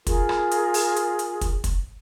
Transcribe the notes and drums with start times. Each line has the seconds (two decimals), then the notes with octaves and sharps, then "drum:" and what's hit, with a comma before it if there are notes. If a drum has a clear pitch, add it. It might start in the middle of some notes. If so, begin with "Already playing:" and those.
0.07 F4 G#4 A#4, drum: kick, hi-hat
0.29 drum: rim click
0.51 drum: hi-hat
0.74 drum: open hi-hat
0.96 drum: hi-hat
1.19 drum: hi-hat
1.41 drum: kick, hi-hat
1.64 drum: kick, hi-hat